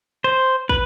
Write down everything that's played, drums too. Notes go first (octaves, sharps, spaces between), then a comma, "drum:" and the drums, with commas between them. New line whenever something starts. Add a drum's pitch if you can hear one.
C5
B4, drum: kick